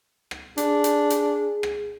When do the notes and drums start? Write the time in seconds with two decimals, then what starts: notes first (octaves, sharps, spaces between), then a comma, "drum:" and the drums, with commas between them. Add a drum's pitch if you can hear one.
0.31 drum: rim click
0.58 D4 G#4, drum: hi-hat
0.84 drum: hi-hat
1.10 drum: hi-hat
1.63 drum: rim click